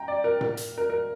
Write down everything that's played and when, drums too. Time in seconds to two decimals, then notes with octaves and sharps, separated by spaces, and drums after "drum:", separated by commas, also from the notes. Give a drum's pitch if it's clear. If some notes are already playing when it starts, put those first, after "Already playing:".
Already playing: G5 A#5
0.08 D5
0.24 A#4
0.41 A#4, drum: tom A2
0.57 drum: hi-hat
0.78 A#4
0.90 A#4